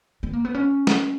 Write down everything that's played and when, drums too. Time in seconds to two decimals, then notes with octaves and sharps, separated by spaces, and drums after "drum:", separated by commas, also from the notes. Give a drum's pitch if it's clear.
0.23 B3
0.33 A#3
0.45 B3
0.55 C#4
0.87 drum: snare